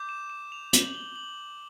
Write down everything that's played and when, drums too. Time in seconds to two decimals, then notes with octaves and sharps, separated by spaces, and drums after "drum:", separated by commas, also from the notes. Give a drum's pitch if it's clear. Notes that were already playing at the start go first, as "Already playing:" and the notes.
Already playing: D6 G6
0.09 E7
0.30 E7
0.52 F7
0.73 F#7, drum: hi-hat
0.95 G7
1.16 F#7